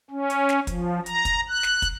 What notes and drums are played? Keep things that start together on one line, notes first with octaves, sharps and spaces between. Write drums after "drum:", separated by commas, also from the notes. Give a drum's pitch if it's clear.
C#4
drum: hi-hat
drum: snare
F3, drum: kick, hi-hat
A#5, drum: hi-hat
drum: kick, hi-hat
F#6
drum: snare
drum: kick, hi-hat